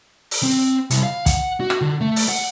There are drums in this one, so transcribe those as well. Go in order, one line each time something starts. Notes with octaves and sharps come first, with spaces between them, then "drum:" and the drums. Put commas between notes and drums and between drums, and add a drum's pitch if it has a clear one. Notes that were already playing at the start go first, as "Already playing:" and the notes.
drum: open hi-hat
C4
C2, drum: hi-hat
F5
F#5, drum: kick, hi-hat
F#4
drum: rim click
D3
A3
drum: open hi-hat
F#5